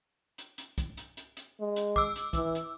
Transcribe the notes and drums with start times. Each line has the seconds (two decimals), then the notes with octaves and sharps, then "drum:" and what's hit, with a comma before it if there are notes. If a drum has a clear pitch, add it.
0.38 drum: hi-hat
0.58 drum: hi-hat
0.78 drum: kick, hi-hat
0.97 drum: hi-hat
1.17 drum: hi-hat
1.37 drum: hi-hat
1.60 G#3
1.76 drum: hi-hat
1.96 D6 E6, drum: kick
2.16 drum: hi-hat
2.33 E3, drum: kick, hi-hat
2.55 drum: hi-hat